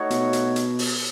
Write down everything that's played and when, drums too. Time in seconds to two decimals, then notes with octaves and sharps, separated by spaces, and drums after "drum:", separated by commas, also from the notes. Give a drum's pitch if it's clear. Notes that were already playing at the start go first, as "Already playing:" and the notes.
Already playing: A3 D#4 F#4 C#5
0.10 B2, drum: hi-hat
0.33 drum: hi-hat
0.56 drum: hi-hat
0.79 drum: open hi-hat